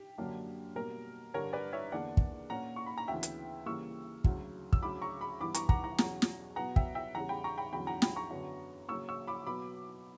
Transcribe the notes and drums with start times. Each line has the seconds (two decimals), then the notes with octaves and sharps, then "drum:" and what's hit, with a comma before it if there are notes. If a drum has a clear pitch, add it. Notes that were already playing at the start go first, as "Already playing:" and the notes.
Already playing: G4
0.18 F#2 D3 F#3 A#3 D4
0.75 B2 G3 A#3 A#4
1.34 G2 D3 G3 A#4 C#5
1.53 B4 D5
1.72 C#5 E5
1.92 E2 D3 A#3 D4 D5 F#5
2.17 drum: kick
2.50 A#2 A#3 C#4 F#5 A#5
2.76 C#6
2.86 B5
2.98 A#5
3.08 D2 C#3 E3 B3 E5 G5
3.23 drum: hi-hat
3.66 C#3 E3 G3 A#3 C#6 E6
4.24 D2 C#3 F#3, drum: kick
4.73 E6, drum: kick
4.83 D2 C#3 F#3 B5 D6
5.02 A#5 C#6
5.21 B5 D6
5.40 G2 E3 B3 B5 D6
5.54 A#5 C#6, drum: hi-hat
5.69 F#5 A#5, drum: kick
5.84 F#5 A#5
5.98 E2 B2 F#3 C#4 F#5 A#5, drum: snare
6.22 drum: snare
6.56 B2 F#3 B3 F#5 A#5
6.76 E5 G5, drum: kick
6.95 E5 G5
7.15 E2 C#3 G3 F#5 A#5
7.29 G5 B5
7.44 A#5 C#6
7.58 G5 B5
7.72 E2 D3 F#3 C#4 G5 B5
7.87 F#5 A#5
8.02 G5 B5, drum: snare
8.16 A#5 C#6
8.31 F#2 D3 F#3 B3
8.89 C#3 F#3 A#3 C#4 C#6 E6
9.09 C#6 E6
9.27 B5 D6
9.46 B2 F#3 B3 B5 D6